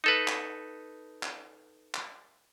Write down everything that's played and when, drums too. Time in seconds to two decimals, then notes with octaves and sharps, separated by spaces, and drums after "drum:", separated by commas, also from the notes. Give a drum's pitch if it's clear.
0.04 D#4 A4 B4
0.28 drum: clap
1.23 drum: clap
1.94 drum: clap